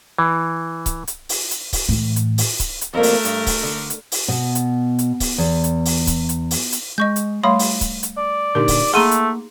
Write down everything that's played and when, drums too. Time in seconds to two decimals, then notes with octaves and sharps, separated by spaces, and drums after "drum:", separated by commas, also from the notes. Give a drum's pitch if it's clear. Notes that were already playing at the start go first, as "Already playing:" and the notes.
0.19 E3
0.86 drum: kick C#1, hi-hat
1.07 drum: hi-hat
1.29 drum: open hi-hat
1.51 drum: hi-hat
1.73 drum: kick C#1, open hi-hat
1.89 A2 E3
2.16 drum: hi-hat
2.38 drum: open hi-hat
2.60 drum: kick C#1, hi-hat
2.81 drum: hi-hat
2.93 F2 G3 A3 A#3 A#4
3.03 drum: open hi-hat
3.25 G2, drum: hi-hat
3.46 drum: kick C#1, open hi-hat
3.63 D3
3.90 drum: hi-hat
4.12 drum: open hi-hat
4.28 B2
4.55 drum: hi-hat
4.99 drum: hi-hat
5.20 drum: kick C#1, open hi-hat
5.38 E2
5.64 drum: hi-hat
5.85 drum: open hi-hat
6.07 drum: kick C#1, hi-hat
6.29 drum: hi-hat
6.51 drum: open hi-hat
6.72 drum: hi-hat
6.98 G#3 D#5 C#6 G6
7.16 drum: hi-hat
7.43 G3 A3 C#5 F5 B5 C6 D#6
7.59 drum: open hi-hat
7.81 drum: kick C#1, hi-hat
8.03 drum: hi-hat
8.17 D5
8.55 A#2 D3 D#4 G4 A#4
8.68 drum: kick C#1, open hi-hat
8.94 A3 A#3 G#4 F#5 A#5 C6 D#7 G7
9.11 drum: hi-hat